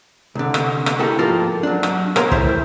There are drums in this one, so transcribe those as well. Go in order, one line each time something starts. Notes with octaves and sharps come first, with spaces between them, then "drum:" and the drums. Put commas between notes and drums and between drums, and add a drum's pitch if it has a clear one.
C2 D3
drum: rim click
drum: rim click
A#3 E4 G4 A4
G#2 F3 A#3 F4 A4
F#3 D4
drum: rim click
B1 A#4 C#5 A#5 C6, drum: rim click
A2 C5 E5 A#5, drum: kick